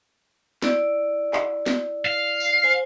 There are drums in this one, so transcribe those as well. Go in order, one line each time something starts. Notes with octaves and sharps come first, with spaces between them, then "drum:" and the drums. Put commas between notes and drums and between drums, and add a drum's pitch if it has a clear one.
E4 D5, drum: snare
drum: clap
drum: snare
F5
drum: tambourine
C5 G#5